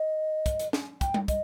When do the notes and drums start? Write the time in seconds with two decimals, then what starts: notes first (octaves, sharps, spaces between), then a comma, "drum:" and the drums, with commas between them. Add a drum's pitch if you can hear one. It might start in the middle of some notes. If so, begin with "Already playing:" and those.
Already playing: D#5
0.46 drum: kick, hi-hat
0.59 drum: hi-hat
0.73 drum: snare
1.01 G5, drum: kick, hi-hat
1.14 drum: tom G3
1.28 D#5, drum: kick, hi-hat